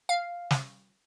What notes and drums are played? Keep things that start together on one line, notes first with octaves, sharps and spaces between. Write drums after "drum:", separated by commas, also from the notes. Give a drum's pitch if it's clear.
F5
drum: snare